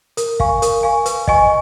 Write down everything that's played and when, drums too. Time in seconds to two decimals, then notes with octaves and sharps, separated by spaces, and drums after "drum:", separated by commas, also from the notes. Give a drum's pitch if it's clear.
0.17 A#4, drum: hi-hat
0.40 F5 G#5 C#6, drum: kick
0.62 A#4, drum: hi-hat
0.83 F5 G#5 C#6
1.06 B4, drum: hi-hat
1.28 D#5 G#5 C#6, drum: kick